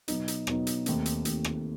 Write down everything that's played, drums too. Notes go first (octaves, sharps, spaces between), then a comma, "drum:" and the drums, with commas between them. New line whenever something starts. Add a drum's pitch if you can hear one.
B2 F#3 B3 D#4, drum: hi-hat
drum: hi-hat
B2 F#3 B3 D#4, drum: rim click
drum: hi-hat
D#2 D#3 A3 C4, drum: hi-hat
drum: hi-hat
D#2 D#3 A3 C4, drum: hi-hat
drum: rim click